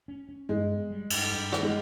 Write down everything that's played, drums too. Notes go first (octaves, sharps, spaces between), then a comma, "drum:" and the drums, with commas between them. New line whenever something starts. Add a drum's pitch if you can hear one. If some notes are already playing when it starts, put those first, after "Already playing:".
C#4
C#4
G2 G#3
B3
G3
G2, drum: cymbal
G2
D#3, drum: rim click
G#3